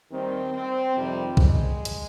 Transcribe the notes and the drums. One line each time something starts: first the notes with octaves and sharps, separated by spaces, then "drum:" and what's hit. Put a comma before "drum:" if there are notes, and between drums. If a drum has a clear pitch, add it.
D#2 D#3 G3 C4
C4
F2 C3 D#3 G3
G#3, drum: kick
drum: hi-hat